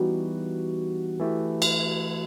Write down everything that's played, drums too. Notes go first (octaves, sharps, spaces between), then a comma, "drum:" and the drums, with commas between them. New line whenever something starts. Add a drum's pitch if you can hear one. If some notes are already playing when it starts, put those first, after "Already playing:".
Already playing: E3 G3 B3 D#4 F#4 G4
E3 A3 E4 G4
drum: cymbal